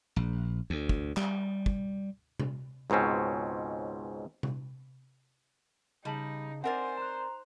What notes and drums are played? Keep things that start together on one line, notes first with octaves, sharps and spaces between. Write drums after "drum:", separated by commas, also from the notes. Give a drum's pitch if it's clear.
A#1
D2
drum: kick
G3, drum: clap
drum: kick
drum: tom C3
C#2 G#2 B2 C4 C#4
drum: tom C3
C#3 G3 D#4 D#5 A5 F#7
C4 A#4 C5 D5 F#5 G#5
A#5 F#6 E7